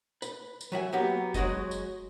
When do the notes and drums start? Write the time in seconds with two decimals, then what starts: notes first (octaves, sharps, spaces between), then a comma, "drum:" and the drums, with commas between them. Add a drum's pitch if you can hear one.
0.22 B4, drum: tambourine
0.61 drum: tambourine
0.72 F#3 E5 F#5 G#5
0.93 F#3 A#3 B3 G4
1.34 F#3 G#3 F#4 G#4 D#5, drum: kick F1, tambourine
1.71 drum: tambourine